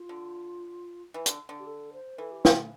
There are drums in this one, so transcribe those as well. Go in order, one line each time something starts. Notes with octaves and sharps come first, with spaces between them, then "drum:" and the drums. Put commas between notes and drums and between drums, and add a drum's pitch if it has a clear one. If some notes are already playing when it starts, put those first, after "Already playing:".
Already playing: F4
D3
E3
D3, drum: hi-hat
D3
G4
A4
C5
E3 A4
G4
B3, drum: snare
A3